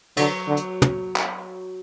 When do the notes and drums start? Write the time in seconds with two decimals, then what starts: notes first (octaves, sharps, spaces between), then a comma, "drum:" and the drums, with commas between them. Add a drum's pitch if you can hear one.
0.17 D3 F#3, drum: cymbal
0.48 D3
0.57 drum: hi-hat
0.82 drum: tom
1.16 drum: clap